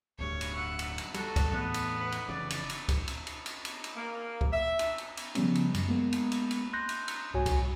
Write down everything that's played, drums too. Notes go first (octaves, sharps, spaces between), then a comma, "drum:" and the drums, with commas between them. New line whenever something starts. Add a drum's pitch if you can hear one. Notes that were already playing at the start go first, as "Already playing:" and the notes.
D1 D2 G2 C#5
drum: cymbal
E5 F#5
drum: cymbal
drum: cymbal
G3 F#4 A4, drum: cymbal
drum: kick, cymbal
E2 A2 B3
drum: cymbal
B4 F#5
drum: cymbal
F1 C#3 E3 D5
drum: cymbal
drum: cymbal
drum: kick, cymbal
drum: cymbal
drum: cymbal
drum: cymbal
drum: cymbal
drum: cymbal
A#3
drum: kick
E5
drum: cymbal
drum: cymbal
drum: cymbal
C#3 F3 G3 B3 C#4, drum: cymbal
drum: cymbal
F#2 F#3, drum: cymbal
G#3 A#3 B3
drum: cymbal
drum: cymbal
drum: cymbal
C6 F#6 G6 A#6
drum: cymbal
drum: cymbal
C2 G#2 F#4 C#5 G#5
drum: kick, cymbal